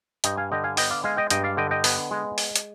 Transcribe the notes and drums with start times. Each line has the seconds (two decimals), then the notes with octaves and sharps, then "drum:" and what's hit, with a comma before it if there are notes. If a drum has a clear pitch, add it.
0.24 G2 D#5 G5, drum: hi-hat
0.37 F5 G#5
0.52 D3 D#5 G5
0.64 F5 G#5
0.77 B3 D#5 G5, drum: open hi-hat
0.91 D5 F5
1.04 G#3 F5 G#5
1.17 D#5 G5
1.30 G2 D#5 G5, drum: hi-hat
1.44 D5 F5
1.57 D3 D#5 G5
1.71 D#5 G5
1.84 B3, drum: open hi-hat
2.11 G#3
2.38 drum: open hi-hat
2.56 drum: hi-hat